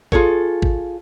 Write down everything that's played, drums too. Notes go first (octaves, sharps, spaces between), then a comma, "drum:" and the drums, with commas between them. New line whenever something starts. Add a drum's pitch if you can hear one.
F4 G#4 A4 C#5, drum: kick G#1
drum: kick G#1